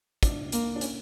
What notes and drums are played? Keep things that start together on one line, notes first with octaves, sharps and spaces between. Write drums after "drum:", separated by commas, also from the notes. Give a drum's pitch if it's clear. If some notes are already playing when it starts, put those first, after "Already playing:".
D4, drum: kick, hi-hat
A#3, drum: hi-hat
D4
C#4, drum: hi-hat